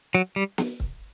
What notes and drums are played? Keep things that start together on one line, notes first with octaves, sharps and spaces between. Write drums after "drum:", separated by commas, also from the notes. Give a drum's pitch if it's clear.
F#3
G3
drum: snare
drum: kick C#1